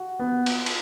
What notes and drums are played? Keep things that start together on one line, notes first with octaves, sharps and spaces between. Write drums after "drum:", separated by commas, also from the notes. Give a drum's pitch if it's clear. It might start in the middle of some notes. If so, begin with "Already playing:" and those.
Already playing: F#4
B3
drum: cymbal
drum: cymbal